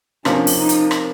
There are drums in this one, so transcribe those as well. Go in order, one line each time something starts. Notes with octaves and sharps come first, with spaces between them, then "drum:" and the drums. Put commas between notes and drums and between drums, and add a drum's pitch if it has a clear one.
C3 F3 A#3 C#4 D4, drum: rim click
drum: open hi-hat
D#4
drum: hi-hat
drum: rim click